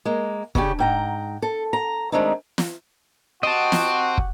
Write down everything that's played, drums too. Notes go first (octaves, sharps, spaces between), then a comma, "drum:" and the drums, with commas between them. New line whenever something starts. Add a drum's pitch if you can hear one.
G#3 A#3
C#3 C#4 D4 E4 G4, drum: kick
G#2 G5 A#5
A4
A#5
D#3 G#3 A3 C4 D4 D#4
drum: snare
C4 F#4 G4 D#5 F#5 A5
drum: snare
drum: kick